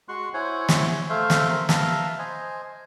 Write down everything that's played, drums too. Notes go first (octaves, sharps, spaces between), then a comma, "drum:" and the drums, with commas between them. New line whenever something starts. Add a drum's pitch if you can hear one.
G#3 F#4 C6 C#6 F#6
E4 C5 C#5 F#5 G#5
drum: snare
A3 C5 E5 F5
drum: snare
C4 A#4
B4 E5 F5 A5 A#5, drum: snare
C5 D#5 G#5